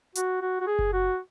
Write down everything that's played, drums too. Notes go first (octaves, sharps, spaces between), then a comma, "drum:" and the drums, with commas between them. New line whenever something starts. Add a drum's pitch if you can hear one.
F#4, drum: hi-hat
F#4
F#4
G#4
drum: kick F#1
F#4